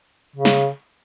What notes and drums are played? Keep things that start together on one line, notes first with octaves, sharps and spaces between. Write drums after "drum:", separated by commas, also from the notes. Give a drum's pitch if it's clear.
C#3
drum: snare